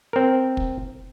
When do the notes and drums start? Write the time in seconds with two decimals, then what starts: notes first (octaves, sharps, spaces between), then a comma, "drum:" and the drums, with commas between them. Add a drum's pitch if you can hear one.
0.13 C4 A#4
0.57 drum: kick